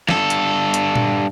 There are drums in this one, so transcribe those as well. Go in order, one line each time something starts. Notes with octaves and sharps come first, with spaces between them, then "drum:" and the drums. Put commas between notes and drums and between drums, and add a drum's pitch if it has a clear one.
G2 A4, drum: snare
drum: hi-hat
drum: hi-hat
drum: tom A#2